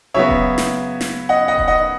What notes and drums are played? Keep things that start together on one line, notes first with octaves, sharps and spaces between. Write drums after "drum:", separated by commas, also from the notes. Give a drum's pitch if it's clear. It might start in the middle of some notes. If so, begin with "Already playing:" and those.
C#3 F#3 B3 C#5 E5
drum: kick D#1
drum: snare
drum: snare
D#5 F#5
D#5 F#5
drum: kick D#1
D#5 F#5